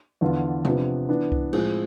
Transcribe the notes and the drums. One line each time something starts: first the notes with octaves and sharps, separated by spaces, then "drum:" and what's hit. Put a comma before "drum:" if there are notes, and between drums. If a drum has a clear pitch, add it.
E2 D3 F3 B3 F4
C3 F3 B3 D4, drum: tom D3
E3 B3 D4
drum: kick C2
A2 F3 G#3 C4 G#4, drum: cymbal